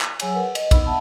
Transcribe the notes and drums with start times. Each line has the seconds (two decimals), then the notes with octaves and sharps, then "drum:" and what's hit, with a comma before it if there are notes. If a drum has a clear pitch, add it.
0.01 drum: clap
0.20 F#3 G#4 C#5 G#5 E6, drum: cymbal
0.34 A#4 B4 F#5
0.55 D#5, drum: cymbal
0.71 B3 D#4 B5 E6, drum: kick, cymbal
0.85 E5 F#5 A5 B5